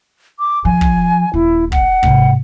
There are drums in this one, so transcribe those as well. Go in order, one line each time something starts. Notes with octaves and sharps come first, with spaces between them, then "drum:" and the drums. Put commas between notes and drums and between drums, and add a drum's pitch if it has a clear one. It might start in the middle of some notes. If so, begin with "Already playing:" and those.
D6
F3 G#5
drum: kick
D#1 E4
F#5, drum: kick
G#2 C3, drum: kick